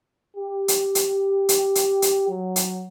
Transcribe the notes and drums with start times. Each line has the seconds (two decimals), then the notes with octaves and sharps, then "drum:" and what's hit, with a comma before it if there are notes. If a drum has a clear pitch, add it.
0.36 G4
0.68 drum: hi-hat
0.95 drum: hi-hat
1.49 drum: hi-hat
1.75 drum: hi-hat
2.02 drum: hi-hat
2.29 F#3
2.56 drum: hi-hat